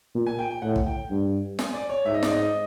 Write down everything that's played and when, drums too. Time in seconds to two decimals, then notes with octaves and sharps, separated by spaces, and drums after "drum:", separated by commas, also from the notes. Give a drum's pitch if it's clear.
0.14 A#2
0.27 G#5
0.39 G5
0.51 G5
0.62 A2 F#5
0.76 drum: kick
0.86 G5
1.10 G2
1.59 G#5, drum: snare
1.74 D5
1.89 C#5
2.06 G#2 E5
2.14 D#5
2.23 D5, drum: snare
2.32 D#5